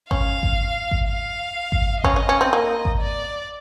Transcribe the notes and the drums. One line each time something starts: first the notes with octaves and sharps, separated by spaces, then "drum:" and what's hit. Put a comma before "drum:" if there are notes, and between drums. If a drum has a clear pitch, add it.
C#4 F5, drum: kick G#1
drum: kick G#1
drum: kick G#1
F5
drum: kick G#1
C#4 D#5, drum: kick G#1
C#4
C#4
C4
A#3
drum: kick G#1
D5